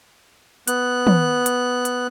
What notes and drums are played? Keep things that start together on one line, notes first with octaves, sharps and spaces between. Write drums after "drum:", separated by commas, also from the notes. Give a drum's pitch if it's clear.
B3 F#6, drum: hi-hat
drum: tom
drum: hi-hat
drum: hi-hat